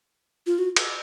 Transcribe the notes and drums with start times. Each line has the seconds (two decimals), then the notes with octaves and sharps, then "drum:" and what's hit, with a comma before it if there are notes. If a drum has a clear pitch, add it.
0.47 F4
0.59 F#4
0.76 drum: cymbal